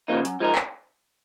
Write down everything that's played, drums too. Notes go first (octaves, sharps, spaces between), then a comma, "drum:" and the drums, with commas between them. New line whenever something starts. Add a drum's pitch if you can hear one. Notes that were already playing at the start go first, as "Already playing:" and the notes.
C#3 F3 A#3 D#4
F#2, drum: hi-hat
F3 G#3 D#4 A#4
drum: clap